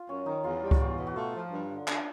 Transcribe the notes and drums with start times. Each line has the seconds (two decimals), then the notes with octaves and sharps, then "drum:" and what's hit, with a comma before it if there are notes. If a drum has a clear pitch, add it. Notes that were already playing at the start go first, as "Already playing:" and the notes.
Already playing: F4
0.09 F#2 C#4
0.26 D#3 D#4
0.44 E2 F4
0.62 G3
0.71 F4, drum: kick C#2
0.81 E2 F#4
0.98 B2
1.07 F#4
1.16 A3 F4
1.35 F3
1.52 G2
1.70 D3
1.88 D4, drum: clap